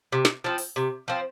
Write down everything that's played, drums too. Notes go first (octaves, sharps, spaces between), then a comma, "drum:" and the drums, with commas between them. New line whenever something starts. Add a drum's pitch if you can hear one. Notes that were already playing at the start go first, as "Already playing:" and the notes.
C3
drum: snare
F3 C4
drum: open hi-hat
C3
F3 C4